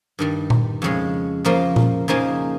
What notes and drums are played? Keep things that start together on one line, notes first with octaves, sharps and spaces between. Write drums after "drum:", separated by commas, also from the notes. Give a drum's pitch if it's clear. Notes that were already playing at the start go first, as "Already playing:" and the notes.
G2 D#3 G3
drum: tom A#2
F2 C#3 G#3
C#3 F3 A#3 F4 A#4
drum: tom A#2
C#3 F3 A#3 D#4 G#4